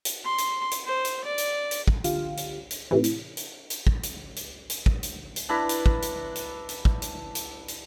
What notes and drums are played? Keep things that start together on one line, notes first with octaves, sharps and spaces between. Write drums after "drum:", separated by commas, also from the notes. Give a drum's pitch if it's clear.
drum: hi-hat
C6
drum: hi-hat
drum: hi-hat
C5
drum: hi-hat
D5
drum: hi-hat
drum: hi-hat
drum: kick
D3 F4 G4 F5, drum: hi-hat
drum: hi-hat
drum: hi-hat
A2 C3 E3
drum: hi-hat
drum: hi-hat
drum: hi-hat
drum: kick
drum: hi-hat
drum: hi-hat
drum: hi-hat
drum: kick
drum: hi-hat
drum: hi-hat
D4 E4 B4 A#5
drum: hi-hat
drum: kick
drum: hi-hat
drum: hi-hat
drum: hi-hat
drum: kick
drum: hi-hat
drum: hi-hat
drum: hi-hat